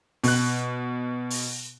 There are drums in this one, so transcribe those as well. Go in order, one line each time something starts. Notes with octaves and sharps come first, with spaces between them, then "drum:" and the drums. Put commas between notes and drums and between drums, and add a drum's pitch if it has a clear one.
B2 F#6, drum: open hi-hat
drum: open hi-hat